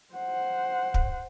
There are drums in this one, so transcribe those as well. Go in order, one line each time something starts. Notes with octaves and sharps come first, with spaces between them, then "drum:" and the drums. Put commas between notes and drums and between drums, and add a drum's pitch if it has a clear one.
C5 F#5
drum: kick